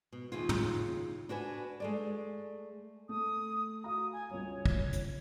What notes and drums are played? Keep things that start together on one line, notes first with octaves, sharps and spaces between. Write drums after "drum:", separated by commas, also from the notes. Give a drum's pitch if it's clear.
B2
D#2 C#3 E4 F4
drum: tom
D4 F#4 B4 G#5
G#3 A3 D5
A3 D#6
F#4 F5 A#5 D#6
G#5
G1 C#2 C#5
drum: kick
drum: hi-hat